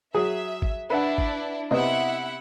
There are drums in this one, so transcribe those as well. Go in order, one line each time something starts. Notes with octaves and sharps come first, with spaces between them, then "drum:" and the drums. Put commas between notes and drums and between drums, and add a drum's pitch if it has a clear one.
F#3 G#4 E5
drum: kick
D4 E4 B4 E5 F#5
drum: kick
C3 B3 E4 D#5 E5 F#5